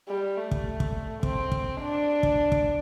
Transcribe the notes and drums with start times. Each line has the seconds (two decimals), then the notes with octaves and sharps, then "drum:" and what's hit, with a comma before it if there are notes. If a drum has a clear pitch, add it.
0.08 G3
0.37 A3
0.51 drum: kick
0.80 drum: kick
1.23 C4, drum: kick
1.52 drum: kick
1.80 D4
2.23 drum: kick
2.52 drum: kick